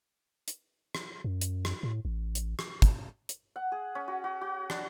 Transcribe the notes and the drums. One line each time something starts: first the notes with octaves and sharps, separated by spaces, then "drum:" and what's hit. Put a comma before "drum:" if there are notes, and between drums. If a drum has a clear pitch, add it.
drum: hi-hat
drum: rim click
F#2
drum: hi-hat
drum: rim click
A2
A1
drum: hi-hat
drum: rim click
drum: kick, hi-hat
drum: hi-hat
F#5
G#4
C#4
F#4
F#4
F#4
D4, drum: rim click